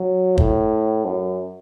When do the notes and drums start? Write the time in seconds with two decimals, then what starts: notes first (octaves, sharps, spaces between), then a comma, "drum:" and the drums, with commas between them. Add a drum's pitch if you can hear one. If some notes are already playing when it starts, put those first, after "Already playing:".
Already playing: F#3
0.38 A2, drum: kick
1.05 F#2